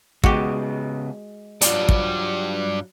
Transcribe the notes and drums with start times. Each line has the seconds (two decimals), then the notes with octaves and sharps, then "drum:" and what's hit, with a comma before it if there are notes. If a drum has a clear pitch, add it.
0.24 C#3 G#3 B3 F#4 G4, drum: kick
1.61 G2 F#3 G3 F4 D5, drum: hi-hat
1.89 drum: kick